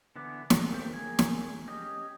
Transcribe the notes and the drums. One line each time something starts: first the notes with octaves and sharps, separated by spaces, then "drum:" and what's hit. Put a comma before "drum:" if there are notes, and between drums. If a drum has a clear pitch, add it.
D3 E3 B3 D6
D3 G#3, drum: snare
A3 A#3 C4 G4
A#3 G#4 G#5
drum: snare
C#4 G4 D#5